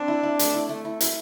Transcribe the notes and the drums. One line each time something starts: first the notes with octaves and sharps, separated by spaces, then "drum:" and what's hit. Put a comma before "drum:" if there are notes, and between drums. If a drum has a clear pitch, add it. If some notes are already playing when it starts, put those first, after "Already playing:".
Already playing: C4 D4
E4
E4
A3, drum: hi-hat
E4
A3
E4
E4, drum: hi-hat